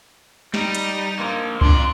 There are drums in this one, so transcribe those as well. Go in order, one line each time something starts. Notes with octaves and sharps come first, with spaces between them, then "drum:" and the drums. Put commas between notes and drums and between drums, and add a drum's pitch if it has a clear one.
G3 D#4, drum: snare
drum: hi-hat
A#3 C5
F2 D4 C6, drum: kick